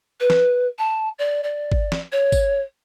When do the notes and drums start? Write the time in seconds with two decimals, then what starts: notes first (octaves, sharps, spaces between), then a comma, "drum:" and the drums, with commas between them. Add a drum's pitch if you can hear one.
0.20 B4
0.30 drum: snare
0.79 A5
1.19 D5
1.44 D5
1.72 drum: kick
1.92 drum: snare
2.12 C#5
2.32 drum: kick, tambourine